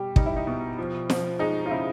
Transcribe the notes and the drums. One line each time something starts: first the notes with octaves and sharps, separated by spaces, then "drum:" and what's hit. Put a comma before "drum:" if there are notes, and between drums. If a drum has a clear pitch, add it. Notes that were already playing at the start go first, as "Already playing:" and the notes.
Already playing: B2 G3 G4
G3 D#4, drum: kick
E4
D#4
B2
F3
F3, drum: snare
G#3 D#4
F4
C#3 E4